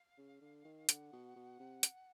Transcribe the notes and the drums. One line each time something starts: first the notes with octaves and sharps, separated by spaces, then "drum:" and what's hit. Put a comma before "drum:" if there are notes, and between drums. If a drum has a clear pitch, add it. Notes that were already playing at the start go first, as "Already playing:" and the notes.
Already playing: F5
C#3
D3
D#3
D3 F#5, drum: hi-hat
B2
B2
C3
drum: hi-hat